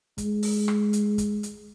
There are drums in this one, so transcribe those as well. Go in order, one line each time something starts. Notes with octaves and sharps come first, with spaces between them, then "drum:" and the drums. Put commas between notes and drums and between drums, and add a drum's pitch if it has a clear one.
G#3, drum: kick, hi-hat
drum: open hi-hat
drum: rim click
drum: hi-hat
drum: kick, hi-hat
drum: hi-hat